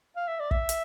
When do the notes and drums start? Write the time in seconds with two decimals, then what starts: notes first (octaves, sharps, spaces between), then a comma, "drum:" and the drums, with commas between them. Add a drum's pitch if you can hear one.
0.16 F5
0.28 E5
0.40 D5
0.51 E5, drum: kick
0.69 drum: hi-hat